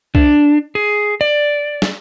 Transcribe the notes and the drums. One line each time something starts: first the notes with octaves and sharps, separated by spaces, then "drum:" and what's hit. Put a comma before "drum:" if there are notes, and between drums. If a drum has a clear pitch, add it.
D4, drum: kick C2
G#4
D5
drum: snare